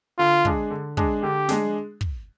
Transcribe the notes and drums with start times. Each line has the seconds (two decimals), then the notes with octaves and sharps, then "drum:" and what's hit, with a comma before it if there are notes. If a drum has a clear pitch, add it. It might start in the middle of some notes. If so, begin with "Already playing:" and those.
0.19 D3 F4
0.45 G#3 D4 G#4, drum: kick
0.71 D3
0.97 G#3 D4 G#4, drum: kick
1.23 D3 G4
1.49 G#3 D4 G#4, drum: snare
2.01 drum: kick